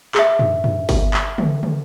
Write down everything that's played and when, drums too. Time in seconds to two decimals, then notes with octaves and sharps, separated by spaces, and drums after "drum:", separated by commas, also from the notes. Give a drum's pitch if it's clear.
0.15 G#4 E5, drum: clap
0.39 drum: tom F#2
0.64 drum: tom F#2
0.89 drum: kick G1, open hi-hat
1.14 drum: clap
1.38 drum: tom
1.63 drum: tom